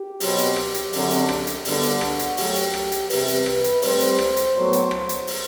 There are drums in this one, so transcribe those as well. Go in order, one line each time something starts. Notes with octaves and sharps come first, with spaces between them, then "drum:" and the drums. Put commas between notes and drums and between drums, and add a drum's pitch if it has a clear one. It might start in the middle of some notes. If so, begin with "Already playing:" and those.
Already playing: G4
B2 F#3 C4, drum: open hi-hat
drum: hi-hat
drum: rim click
drum: hi-hat
F#2 D3 F#3 C4, drum: open hi-hat
drum: hi-hat
drum: rim click
drum: hi-hat
G2 D3 G3 B3 F#4, drum: open hi-hat
drum: hi-hat
drum: rim click
drum: hi-hat
F#2 F#3 A3 G4, drum: open hi-hat
drum: hi-hat
drum: rim click
drum: hi-hat
E2 C3 G3 B4, drum: open hi-hat
drum: hi-hat
drum: rim click
drum: hi-hat
A2 G3 C4 C5, drum: open hi-hat
drum: hi-hat
drum: rim click
drum: hi-hat
A2 F#3 B3
drum: hi-hat
drum: rim click
drum: hi-hat
drum: open hi-hat